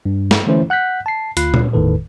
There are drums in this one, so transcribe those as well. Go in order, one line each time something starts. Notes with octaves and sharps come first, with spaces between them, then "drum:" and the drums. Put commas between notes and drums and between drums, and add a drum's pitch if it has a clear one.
G2
drum: snare
D3 E3 A3 C#4 E4 C5
F#5 F#6 G6 B6
A5 C7
D2 F4 B5 F#6 C7, drum: hi-hat
drum: tom A#2
G1 E2 A2 D#3 A4 B4